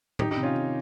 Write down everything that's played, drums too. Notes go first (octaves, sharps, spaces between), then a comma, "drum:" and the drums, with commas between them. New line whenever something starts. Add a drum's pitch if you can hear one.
D#3 D#4 G4, drum: tom A2
D#4 G4
C3
C#4 F4
D#3